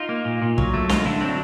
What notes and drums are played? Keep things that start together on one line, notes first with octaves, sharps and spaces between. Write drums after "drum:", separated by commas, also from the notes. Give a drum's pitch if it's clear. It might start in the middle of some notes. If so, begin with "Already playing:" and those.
Already playing: D#4 F4
A#3
A#2
A#2
F#3, drum: kick
A3
D3 D#4 F4, drum: snare
D3 D4 E4
F#3 C4 D4